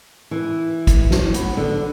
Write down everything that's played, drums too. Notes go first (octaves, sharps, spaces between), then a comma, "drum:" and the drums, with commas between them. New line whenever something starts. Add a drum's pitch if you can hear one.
E3
drum: kick, hi-hat
drum: snare
B3, drum: hi-hat
D3